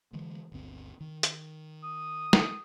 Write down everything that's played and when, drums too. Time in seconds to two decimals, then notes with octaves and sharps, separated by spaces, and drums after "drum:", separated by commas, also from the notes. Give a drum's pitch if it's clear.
0.13 D3 E3 G#3
0.52 G1 D2 C4
1.01 D#3
1.23 drum: hi-hat
1.84 D#6
2.33 drum: snare